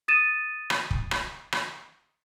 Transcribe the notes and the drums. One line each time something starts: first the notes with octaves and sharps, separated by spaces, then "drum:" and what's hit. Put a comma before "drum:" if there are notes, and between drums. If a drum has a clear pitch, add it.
D#6 A6 D#7 E7
drum: rim click
drum: kick
drum: rim click
drum: rim click